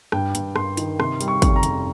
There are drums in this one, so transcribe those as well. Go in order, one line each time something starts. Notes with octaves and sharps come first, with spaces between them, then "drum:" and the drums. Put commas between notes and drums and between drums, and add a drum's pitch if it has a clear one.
G2 G5, drum: rim click
G2, drum: hi-hat
G2 C6, drum: rim click
D#3, drum: hi-hat
C3 C6, drum: rim click
G3, drum: hi-hat
C#6
F1 C#6, drum: kick, hi-hat
A#5
F1, drum: hi-hat